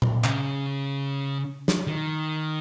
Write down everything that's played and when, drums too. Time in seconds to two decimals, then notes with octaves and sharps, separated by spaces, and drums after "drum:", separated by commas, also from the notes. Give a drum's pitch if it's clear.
0.02 drum: tom A#2
0.24 C#3, drum: clap
1.68 drum: snare
1.87 D#3